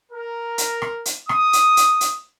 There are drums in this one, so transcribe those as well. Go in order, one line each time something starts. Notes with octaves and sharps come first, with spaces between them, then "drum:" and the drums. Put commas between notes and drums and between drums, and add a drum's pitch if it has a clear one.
A#4
drum: hi-hat
drum: rim click
drum: hi-hat
D#6, drum: rim click
drum: hi-hat
drum: hi-hat
drum: hi-hat